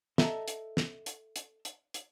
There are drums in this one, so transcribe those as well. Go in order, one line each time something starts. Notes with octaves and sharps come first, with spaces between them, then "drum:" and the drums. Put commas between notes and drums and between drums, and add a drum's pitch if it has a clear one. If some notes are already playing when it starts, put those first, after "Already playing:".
A4 D#5 E5 A5 A#5, drum: snare
drum: hi-hat
drum: snare
drum: hi-hat
drum: hi-hat
drum: hi-hat
drum: hi-hat